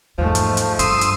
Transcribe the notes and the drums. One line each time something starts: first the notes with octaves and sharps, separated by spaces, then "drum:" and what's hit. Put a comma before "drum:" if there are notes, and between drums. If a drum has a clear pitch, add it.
E2 G#2 F3 A3
drum: hi-hat
drum: hi-hat
G2 C6 D#6 E6, drum: hi-hat
drum: hi-hat